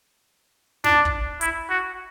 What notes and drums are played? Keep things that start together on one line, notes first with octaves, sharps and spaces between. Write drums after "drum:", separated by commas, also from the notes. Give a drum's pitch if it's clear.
D4, drum: snare
drum: kick
E4, drum: hi-hat
F#4